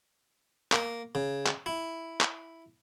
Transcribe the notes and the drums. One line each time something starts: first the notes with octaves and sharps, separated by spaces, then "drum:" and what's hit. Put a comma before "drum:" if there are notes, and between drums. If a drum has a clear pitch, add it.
A#3, drum: clap
C#3
drum: clap
E4
drum: clap